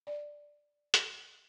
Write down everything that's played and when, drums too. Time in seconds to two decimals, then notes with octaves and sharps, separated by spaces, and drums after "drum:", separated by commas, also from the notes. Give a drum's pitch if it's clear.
0.07 D5
0.94 drum: hi-hat